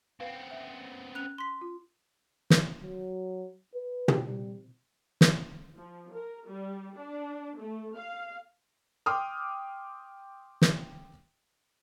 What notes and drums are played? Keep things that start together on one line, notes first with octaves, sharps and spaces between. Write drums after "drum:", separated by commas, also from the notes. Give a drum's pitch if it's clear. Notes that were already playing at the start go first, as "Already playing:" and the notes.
B3 C4 B4 F5
E5
C#4 F#6 F7
C6 B6
F4
drum: snare
F#3
B4
drum: tom
G3
drum: snare
F3
A#4
G3
D4
A3
F5
G5 C6 D6 D#6 F6
drum: snare